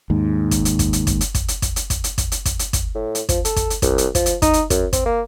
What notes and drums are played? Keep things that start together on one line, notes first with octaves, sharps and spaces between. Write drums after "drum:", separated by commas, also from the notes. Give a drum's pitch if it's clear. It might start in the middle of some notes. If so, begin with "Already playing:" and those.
D#2 G#2
drum: kick, hi-hat
drum: hi-hat
drum: kick, hi-hat
drum: hi-hat
drum: kick, hi-hat
drum: hi-hat
drum: kick, hi-hat
drum: hi-hat
drum: kick, hi-hat
drum: hi-hat
drum: kick, hi-hat
drum: hi-hat
drum: kick, hi-hat
drum: hi-hat
drum: kick, hi-hat
drum: hi-hat
drum: kick, hi-hat
A2
drum: hi-hat
F3, drum: kick, hi-hat
A4, drum: hi-hat
drum: kick, hi-hat
drum: hi-hat
C2, drum: kick, hi-hat
drum: hi-hat
F3, drum: kick, hi-hat
drum: hi-hat
D#4, drum: kick, hi-hat
drum: hi-hat
F#2, drum: kick, hi-hat
C4, drum: kick, hi-hat
A#3